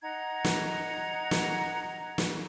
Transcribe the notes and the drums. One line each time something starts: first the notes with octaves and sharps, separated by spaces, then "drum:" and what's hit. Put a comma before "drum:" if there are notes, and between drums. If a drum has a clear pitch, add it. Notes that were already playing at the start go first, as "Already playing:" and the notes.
D#4 F#5 A#5 G#6
drum: snare
drum: snare
drum: snare